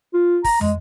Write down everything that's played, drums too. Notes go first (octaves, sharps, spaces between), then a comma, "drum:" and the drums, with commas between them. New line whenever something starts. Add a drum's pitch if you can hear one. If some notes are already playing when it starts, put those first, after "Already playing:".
F4
A#5, drum: kick, open hi-hat
G#3, drum: tom